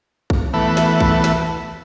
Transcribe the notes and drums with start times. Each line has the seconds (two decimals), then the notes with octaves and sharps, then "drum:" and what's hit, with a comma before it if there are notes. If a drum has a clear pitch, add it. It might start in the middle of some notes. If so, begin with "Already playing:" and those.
0.30 drum: kick
0.54 E3 A3 B3
0.77 drum: snare
1.00 drum: kick
1.24 drum: snare